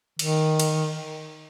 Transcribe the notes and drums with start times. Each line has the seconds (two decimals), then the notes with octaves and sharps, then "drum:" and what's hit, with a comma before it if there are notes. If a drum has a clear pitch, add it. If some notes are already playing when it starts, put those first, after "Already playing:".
0.19 D#3, drum: cymbal
0.60 drum: cymbal